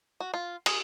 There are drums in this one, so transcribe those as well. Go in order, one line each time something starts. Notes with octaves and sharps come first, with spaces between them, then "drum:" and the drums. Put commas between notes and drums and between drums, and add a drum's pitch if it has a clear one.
F#4
F4
G#4, drum: cymbal